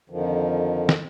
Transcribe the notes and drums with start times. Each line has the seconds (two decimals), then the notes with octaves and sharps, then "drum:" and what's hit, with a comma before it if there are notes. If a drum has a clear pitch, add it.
0.10 F2 D3 D#3 F3
0.89 drum: snare